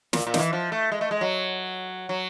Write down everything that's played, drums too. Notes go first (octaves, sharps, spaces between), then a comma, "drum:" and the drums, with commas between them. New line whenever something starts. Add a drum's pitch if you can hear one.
A#2, drum: snare
A#2
D#3, drum: snare
E3
F3
A3
G#3
A3
G#3
F#3
F#3